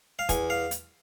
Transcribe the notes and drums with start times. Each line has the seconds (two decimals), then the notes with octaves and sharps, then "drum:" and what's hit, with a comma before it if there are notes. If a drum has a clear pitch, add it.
0.19 F5
0.29 E2 G#5, drum: kick, hi-hat
0.50 F5
0.71 drum: hi-hat